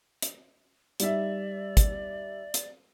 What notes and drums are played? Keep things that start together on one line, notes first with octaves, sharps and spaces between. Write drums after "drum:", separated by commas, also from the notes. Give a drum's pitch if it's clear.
drum: hi-hat
G3 D#4 D5 E5, drum: hi-hat
drum: kick, hi-hat
drum: hi-hat